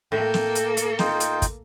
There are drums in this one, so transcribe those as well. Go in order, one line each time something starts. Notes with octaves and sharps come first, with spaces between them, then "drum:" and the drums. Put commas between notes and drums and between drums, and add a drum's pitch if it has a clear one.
A2 A#3 A4 G5
drum: snare
drum: hi-hat
drum: hi-hat
D#4 F4 G5, drum: snare
drum: hi-hat
drum: kick, hi-hat